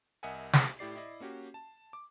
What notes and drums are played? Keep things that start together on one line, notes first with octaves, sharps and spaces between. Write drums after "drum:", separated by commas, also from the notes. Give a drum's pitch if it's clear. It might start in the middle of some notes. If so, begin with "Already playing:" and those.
C2 A#4 D#5 E5 F#5 G#5
drum: snare
A2 E4 G4 D5 C7
E4 D5 D#5
A#3 C#4 F#4 G4
A5
D6